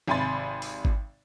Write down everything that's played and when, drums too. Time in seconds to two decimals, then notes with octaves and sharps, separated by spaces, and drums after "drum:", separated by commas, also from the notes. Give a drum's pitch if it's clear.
0.08 G#1 C3 G#5 B5 C6 A6
0.62 drum: open hi-hat
0.85 drum: kick G#1